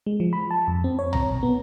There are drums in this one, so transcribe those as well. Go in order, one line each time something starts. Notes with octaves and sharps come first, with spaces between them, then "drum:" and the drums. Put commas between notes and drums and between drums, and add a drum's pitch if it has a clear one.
G#3
F3
B5
A5
F2
C4
C#5
A#5, drum: tom
B1
B3